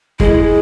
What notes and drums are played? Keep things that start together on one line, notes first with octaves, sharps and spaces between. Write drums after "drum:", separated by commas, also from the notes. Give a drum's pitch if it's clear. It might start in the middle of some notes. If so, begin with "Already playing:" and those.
G#3 E4, drum: kick G1